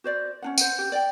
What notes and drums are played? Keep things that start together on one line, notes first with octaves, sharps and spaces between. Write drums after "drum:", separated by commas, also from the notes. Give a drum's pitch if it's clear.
F#4 C5 D5
C#4 D4 F#5
C5 F#5, drum: tambourine
G4
D5 G5